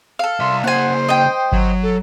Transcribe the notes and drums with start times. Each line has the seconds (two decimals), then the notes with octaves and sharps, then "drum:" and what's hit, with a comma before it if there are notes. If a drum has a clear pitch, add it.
0.19 A4 F5
0.40 C2 E5 C6
0.64 C#3 A#3 C5 F#5 G#5
1.09 D#5 G5
1.52 F#3, drum: kick G1
1.82 A4